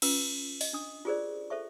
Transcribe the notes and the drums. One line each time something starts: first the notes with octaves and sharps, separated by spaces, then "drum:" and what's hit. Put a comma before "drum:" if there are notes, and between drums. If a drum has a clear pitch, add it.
C#4 F4 B4 E6, drum: cymbal
D#5, drum: open hi-hat
D4 D#6
F4 G4 G#4 A#4 C5 D5
A4 C5 E5 C#6